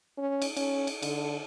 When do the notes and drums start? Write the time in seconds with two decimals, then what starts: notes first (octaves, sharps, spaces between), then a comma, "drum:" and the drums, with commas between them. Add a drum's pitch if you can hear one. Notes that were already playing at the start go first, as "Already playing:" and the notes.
0.18 C#4
0.42 drum: cymbal
0.57 C#4, drum: cymbal
0.87 drum: cymbal
1.02 D3, drum: cymbal